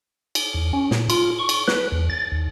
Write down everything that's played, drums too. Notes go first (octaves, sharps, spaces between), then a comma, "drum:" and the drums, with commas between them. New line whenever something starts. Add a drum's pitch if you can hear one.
drum: cymbal
E2
C#4
A#2, drum: snare
F4, drum: cymbal
C#6
drum: cymbal
B4, drum: snare
E2
A6
D#2